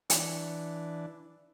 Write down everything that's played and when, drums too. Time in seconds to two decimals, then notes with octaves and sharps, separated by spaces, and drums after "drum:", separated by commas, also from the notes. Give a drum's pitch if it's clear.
0.10 E3 D4, drum: hi-hat